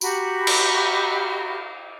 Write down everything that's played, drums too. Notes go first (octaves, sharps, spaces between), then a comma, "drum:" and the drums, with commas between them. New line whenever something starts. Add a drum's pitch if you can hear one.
F#4 G4 A#5 B5, drum: tambourine
drum: cymbal